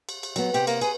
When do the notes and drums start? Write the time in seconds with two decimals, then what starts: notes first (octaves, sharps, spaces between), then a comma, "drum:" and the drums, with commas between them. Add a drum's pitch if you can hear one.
0.09 drum: cymbal
0.23 drum: cymbal
0.36 F#3 B3, drum: cymbal
0.54 C3 G4, drum: cymbal
0.67 A#3, drum: cymbal
0.81 G#4 B4, drum: cymbal